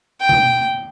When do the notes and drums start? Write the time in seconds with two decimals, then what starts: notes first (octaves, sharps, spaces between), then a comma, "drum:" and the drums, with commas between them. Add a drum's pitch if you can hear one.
0.20 G5
0.29 drum: tom B2